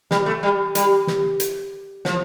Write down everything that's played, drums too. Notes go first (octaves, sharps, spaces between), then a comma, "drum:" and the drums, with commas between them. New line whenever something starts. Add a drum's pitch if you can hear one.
G3, drum: snare
A3
G3
G3, drum: hi-hat
drum: snare
drum: hi-hat
F3, drum: snare